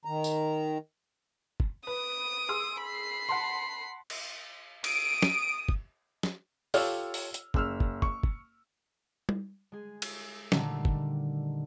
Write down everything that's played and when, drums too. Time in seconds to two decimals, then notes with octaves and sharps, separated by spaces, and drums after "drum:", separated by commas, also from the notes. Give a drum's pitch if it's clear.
0.05 D#3 A#5
0.24 drum: tambourine
1.60 drum: kick
1.87 B4 D#6 D7
2.49 G#4 C6 E6
2.82 B5 C7
3.29 F#5 A5 C6
4.10 drum: cymbal
4.84 D#6 D7, drum: cymbal
5.22 drum: snare
5.69 drum: kick
6.23 drum: snare
6.74 F4 G4 A4 C#5 E6 F6, drum: open hi-hat
7.14 drum: open hi-hat
7.34 drum: hi-hat
7.54 F#1 E6 F6, drum: kick
7.80 drum: kick
8.02 C#6, drum: kick
8.23 drum: kick
9.29 drum: tom G3
9.72 G#3 G#4
10.02 drum: cymbal
10.52 A#2 D3 D#3 G3 A3, drum: snare
10.85 drum: kick